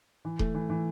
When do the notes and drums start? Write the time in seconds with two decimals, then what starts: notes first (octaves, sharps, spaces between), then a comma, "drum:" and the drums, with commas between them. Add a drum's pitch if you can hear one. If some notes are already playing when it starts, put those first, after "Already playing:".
0.25 E3
0.39 A3, drum: kick D#1
0.55 E3
0.70 E3